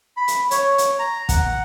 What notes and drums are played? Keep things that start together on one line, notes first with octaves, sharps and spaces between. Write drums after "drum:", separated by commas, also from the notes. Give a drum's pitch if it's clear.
B5
drum: hi-hat
C#5, drum: hi-hat
drum: hi-hat
A#5
F#5, drum: kick, hi-hat